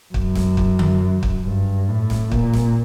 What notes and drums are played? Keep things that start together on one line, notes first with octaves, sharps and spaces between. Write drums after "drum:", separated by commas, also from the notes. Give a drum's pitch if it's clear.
F#2, drum: kick
drum: snare
drum: kick
drum: tom D3
drum: kick
G2
A2
drum: snare
A#2, drum: kick
drum: snare